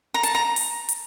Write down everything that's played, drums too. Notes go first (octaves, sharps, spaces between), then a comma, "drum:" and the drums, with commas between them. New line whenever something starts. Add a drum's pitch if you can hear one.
A#5
A5, drum: hi-hat
A#5
drum: open hi-hat
drum: hi-hat